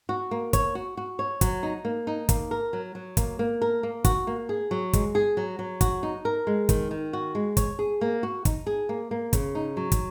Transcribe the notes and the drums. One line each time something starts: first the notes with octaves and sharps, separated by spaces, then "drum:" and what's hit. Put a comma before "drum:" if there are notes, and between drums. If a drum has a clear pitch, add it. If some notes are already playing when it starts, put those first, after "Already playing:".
F#4
A#3
C#5, drum: kick, hi-hat
F#4
F#4
C#5
F#3, drum: kick, hi-hat
D#4
A#3
D#4
A#3, drum: kick, hi-hat
A#4
F#3
F#3
A#3, drum: kick, hi-hat
A#3
A#4
A#3
F#4, drum: kick, hi-hat
A#3
G#4
F#3
G#3, drum: kick, hi-hat
G#4
F#3
F#3
F#4, drum: kick, hi-hat
D#4
A#4
G#3
D#3, drum: kick, hi-hat
D#3
F#4
G#3
C#5, drum: kick, hi-hat
G#4
A#3
F#4
D#4, drum: kick, hi-hat
G#4
A#3
A#3
C#3, drum: kick, hi-hat
D#4
F#3
drum: kick, hi-hat